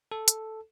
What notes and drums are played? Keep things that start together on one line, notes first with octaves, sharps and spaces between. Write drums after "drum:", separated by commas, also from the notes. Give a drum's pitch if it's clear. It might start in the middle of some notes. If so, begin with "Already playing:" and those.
A4
drum: hi-hat